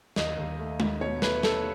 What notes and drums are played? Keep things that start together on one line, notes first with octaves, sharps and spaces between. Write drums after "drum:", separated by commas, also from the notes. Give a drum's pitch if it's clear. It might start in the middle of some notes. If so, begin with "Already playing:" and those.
D#2 D#5, drum: snare
D#2
A3
D#2, drum: tom G#3
B2 C#5
A3 B4, drum: snare
A3 A4, drum: snare